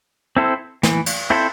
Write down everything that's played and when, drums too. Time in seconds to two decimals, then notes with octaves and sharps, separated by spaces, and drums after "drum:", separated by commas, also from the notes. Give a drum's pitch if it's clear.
0.37 C4 E4 A4 C5
0.83 E3, drum: snare
1.06 drum: cymbal
1.30 C4 E4 A4 C5